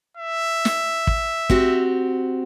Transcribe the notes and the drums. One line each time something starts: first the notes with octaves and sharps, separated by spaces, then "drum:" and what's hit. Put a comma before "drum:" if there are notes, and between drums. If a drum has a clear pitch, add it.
E5
drum: snare
drum: kick
C4 F#4 G4, drum: kick